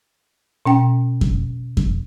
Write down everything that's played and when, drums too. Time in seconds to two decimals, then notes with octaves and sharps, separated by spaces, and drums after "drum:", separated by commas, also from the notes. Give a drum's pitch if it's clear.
0.66 B2 C#4 G5
1.21 drum: kick F2
1.77 drum: kick F2